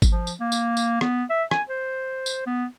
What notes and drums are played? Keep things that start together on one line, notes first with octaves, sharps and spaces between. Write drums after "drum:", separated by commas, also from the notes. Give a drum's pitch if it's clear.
drum: kick G#1, tambourine
F3
drum: tambourine
A#3
drum: tambourine
drum: tambourine
B3, drum: rim click
E5
G#5, drum: rim click
C5
drum: tambourine
B3